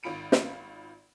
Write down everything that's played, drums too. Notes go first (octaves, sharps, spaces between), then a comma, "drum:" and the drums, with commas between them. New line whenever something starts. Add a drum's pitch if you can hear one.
G#1 D#3 F4 B5 D7 D#7
drum: snare